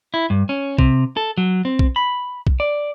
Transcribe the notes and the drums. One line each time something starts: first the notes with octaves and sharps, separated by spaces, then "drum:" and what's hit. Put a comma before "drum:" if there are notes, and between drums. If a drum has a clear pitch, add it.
E4
G2
C#4
C3, drum: kick B1
A4
F#3
C4
drum: kick B1
B5
drum: kick B1
D5